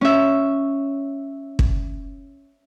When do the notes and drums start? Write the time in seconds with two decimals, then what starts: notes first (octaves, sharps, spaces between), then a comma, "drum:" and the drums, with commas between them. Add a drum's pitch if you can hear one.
0.01 C#4 E5
1.59 drum: kick